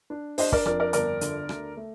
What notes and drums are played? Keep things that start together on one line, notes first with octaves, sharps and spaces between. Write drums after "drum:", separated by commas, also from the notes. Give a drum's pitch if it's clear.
D4
D4 C5 D#5, drum: open hi-hat
A#4 D5, drum: kick
F2 A#4 D5, drum: rim click
A#4 D5
G1 A#4 D5, drum: hi-hat
D3, drum: hi-hat
D2, drum: rim click
A3